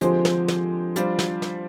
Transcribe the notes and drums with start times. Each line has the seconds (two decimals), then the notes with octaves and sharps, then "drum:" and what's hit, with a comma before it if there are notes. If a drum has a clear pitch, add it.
0.01 D3 F3 G#3 C4 G4 C5, drum: hi-hat
0.25 drum: snare
0.48 drum: snare
0.96 G3 D4 F4 C5, drum: hi-hat
1.19 drum: snare
1.42 drum: snare